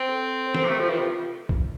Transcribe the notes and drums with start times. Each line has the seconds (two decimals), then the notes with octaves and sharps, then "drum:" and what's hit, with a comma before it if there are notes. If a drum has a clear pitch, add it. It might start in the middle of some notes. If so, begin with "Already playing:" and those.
Already playing: C4
0.09 A4
0.47 C5
0.55 A#4, drum: snare
0.62 A#3 A4
0.69 A3 G4
0.79 F3
0.89 E3 F4
0.99 C3
1.49 drum: kick B1